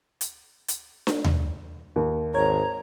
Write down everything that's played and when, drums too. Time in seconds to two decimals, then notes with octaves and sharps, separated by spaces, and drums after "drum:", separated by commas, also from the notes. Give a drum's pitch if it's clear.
0.21 drum: hi-hat
0.68 drum: hi-hat
1.07 drum: snare D4
1.24 drum: tom D#2
1.96 D#2
2.34 G#1 C#5 A#5 G#6